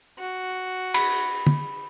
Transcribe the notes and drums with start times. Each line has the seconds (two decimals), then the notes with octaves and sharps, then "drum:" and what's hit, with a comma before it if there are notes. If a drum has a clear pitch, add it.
0.19 F#4
0.94 B5, drum: cymbal
1.47 drum: tom